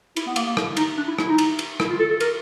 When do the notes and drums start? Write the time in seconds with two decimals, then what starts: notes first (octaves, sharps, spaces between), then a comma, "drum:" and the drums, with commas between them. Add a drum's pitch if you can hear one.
0.16 E4, drum: cymbal
0.27 B3
0.36 A#3, drum: cymbal
0.47 A#3
0.57 E4, drum: rim click
0.77 D#4, drum: cymbal
0.97 D4
1.07 E4
1.18 E4, drum: rim click
1.28 D#4
1.38 drum: cymbal
1.59 drum: cymbal
1.80 E4, drum: rim click
1.90 F4
1.99 A4
2.10 A4
2.20 A#4, drum: cymbal